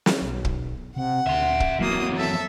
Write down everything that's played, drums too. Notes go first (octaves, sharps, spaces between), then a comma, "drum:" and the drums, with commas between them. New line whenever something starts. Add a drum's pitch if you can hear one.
drum: snare
B1
drum: kick
C3 F#5
D2 E5 C6
drum: kick
F2 E3 F#3 A#3 D#6
A4 E5